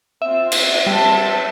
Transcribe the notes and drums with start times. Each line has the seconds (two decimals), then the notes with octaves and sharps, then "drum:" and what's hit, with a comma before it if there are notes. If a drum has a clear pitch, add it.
0.22 C4 F4 E5
0.52 drum: cymbal
0.87 G3 C4 E5 A5